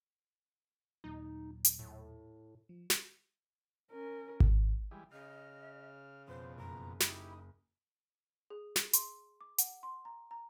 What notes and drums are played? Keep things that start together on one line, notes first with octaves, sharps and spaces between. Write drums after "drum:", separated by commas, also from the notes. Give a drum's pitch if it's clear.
D#2 A#2 F#3 D#4
drum: hi-hat
A2
F3
drum: snare
C#4 A#4
drum: kick G#1
E3 G3 G#3
C#3 D#5 F6
F2 B2 C5
F#1 A#5
D#4 E4 G4 B5, drum: snare
G#4
C7, drum: snare
C6, drum: hi-hat
D6
F#5, drum: hi-hat
C6
A#5
A#5